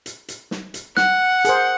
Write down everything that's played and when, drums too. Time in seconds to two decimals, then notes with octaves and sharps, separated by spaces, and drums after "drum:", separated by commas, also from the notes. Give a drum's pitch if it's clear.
0.06 drum: hi-hat
0.28 drum: hi-hat
0.51 drum: snare
0.74 drum: hi-hat
0.97 F#5 F#6, drum: snare
1.45 G#4 A#4 C5, drum: hi-hat